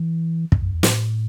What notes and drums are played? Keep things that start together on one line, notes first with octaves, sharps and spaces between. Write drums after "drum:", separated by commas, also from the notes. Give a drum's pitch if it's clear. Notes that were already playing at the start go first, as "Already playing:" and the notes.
Already playing: E3
F#2, drum: kick
F#2
E2
A2, drum: snare